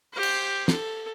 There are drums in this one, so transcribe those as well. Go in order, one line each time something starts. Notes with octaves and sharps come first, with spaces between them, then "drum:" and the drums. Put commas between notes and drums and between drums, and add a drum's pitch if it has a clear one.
G4 C5
drum: cymbal
A4, drum: snare